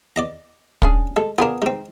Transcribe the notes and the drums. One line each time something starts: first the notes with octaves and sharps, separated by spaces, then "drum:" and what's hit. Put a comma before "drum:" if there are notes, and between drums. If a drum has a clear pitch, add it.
D5 D#5 A#5
C#4 D4 G#4, drum: kick
G#3 A4
B3 D4 F4 G#4 A#4
G#3 C4 D#4